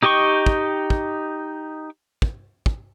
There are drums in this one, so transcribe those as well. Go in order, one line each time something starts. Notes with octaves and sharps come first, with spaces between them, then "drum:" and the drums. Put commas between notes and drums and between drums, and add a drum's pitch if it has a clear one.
D#4 G4 D#5 G5 C#6
drum: kick
drum: kick
drum: kick
drum: kick